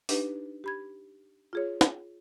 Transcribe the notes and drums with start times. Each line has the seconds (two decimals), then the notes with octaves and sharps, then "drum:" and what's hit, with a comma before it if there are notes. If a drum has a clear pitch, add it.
0.09 D4 D#4 G4 B4, drum: open hi-hat
0.64 G4 B5 G#6
1.53 F4 G#4 C#5
1.81 drum: snare